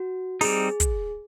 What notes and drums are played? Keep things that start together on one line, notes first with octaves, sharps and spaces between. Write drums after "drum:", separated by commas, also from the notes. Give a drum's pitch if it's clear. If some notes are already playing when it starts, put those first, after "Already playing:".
Already playing: F#4
G3 C4 D#4 G#4, drum: open hi-hat
drum: kick, hi-hat